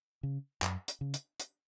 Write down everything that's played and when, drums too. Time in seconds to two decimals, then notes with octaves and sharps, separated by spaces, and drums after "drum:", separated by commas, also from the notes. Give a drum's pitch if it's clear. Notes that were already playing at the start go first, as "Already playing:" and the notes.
0.23 C#3
0.62 F#2, drum: clap
0.88 drum: hi-hat
1.01 C#3
1.14 drum: hi-hat
1.39 drum: hi-hat